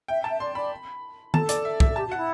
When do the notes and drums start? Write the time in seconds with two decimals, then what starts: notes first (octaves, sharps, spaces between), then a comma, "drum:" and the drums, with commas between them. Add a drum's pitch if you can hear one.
0.08 E5 G5
0.24 A5
0.30 E5
0.40 D5 C6
0.55 D5 B5
1.34 A4 A5, drum: tom D#3
1.49 D5, drum: hi-hat
1.65 E5
1.80 E5, drum: kick
1.88 A4
1.96 G4 A5
2.07 F#4
2.12 F#5
2.17 E4